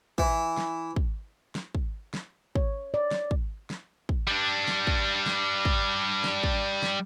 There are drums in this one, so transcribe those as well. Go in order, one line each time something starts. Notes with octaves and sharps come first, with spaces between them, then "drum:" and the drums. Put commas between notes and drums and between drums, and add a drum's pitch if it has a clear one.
E3, drum: kick
drum: snare
drum: kick
drum: snare
drum: kick
drum: snare
C#5, drum: kick
D5
drum: snare
drum: kick
drum: snare
drum: kick
G3 D4
drum: snare
drum: kick
drum: snare
drum: kick
drum: snare
drum: kick
drum: snare